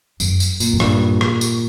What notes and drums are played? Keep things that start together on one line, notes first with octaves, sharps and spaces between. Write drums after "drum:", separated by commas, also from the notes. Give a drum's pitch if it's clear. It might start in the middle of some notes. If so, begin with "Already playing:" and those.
F#2, drum: tambourine
drum: tambourine
A#2, drum: tambourine
F#2
G2 A#2, drum: rim click
drum: rim click
drum: tambourine